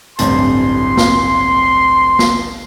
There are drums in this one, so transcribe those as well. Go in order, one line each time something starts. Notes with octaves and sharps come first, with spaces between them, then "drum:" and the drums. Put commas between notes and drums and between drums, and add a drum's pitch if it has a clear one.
D1 A1 G2 A3 C4 A5 C6, drum: hi-hat
drum: snare
drum: snare